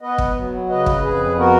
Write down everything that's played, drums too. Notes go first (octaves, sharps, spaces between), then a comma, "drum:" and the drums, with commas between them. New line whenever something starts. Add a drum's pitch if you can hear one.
B3 B4 D#5
drum: kick
F#3
C#3 B4 D#5
drum: kick
F2 G#4 B4
B3 F#4 A#4